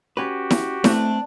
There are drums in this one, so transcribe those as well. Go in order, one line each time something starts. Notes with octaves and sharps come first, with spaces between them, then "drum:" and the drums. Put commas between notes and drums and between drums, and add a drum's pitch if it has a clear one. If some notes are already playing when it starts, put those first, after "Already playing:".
C#4 F#4 G4 B4
drum: snare E4
A3 C4 D4, drum: snare E4